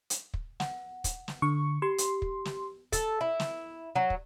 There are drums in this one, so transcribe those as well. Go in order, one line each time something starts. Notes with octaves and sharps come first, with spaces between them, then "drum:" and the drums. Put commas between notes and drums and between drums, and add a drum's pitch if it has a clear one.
drum: hi-hat
drum: kick
F#5, drum: snare
drum: kick, hi-hat
drum: snare
D3 C#6
G4 C6
drum: hi-hat
drum: kick
drum: snare
A4, drum: kick, hi-hat
E4
drum: snare
F#3
drum: kick